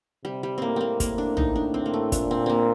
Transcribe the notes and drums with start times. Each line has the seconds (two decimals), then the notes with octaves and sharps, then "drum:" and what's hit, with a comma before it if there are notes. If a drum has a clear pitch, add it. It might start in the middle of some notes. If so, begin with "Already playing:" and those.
0.24 C3 G3
0.43 G3
0.58 A2 A#3 C4
0.76 A#3 C4
1.00 A#3, drum: kick, hi-hat
1.18 D4
1.37 D#4, drum: tom A#1
1.56 D4
1.74 C4
1.86 A#3
1.94 A3
2.12 A#2 D4, drum: kick, hi-hat
2.31 C4
2.46 A#3 C4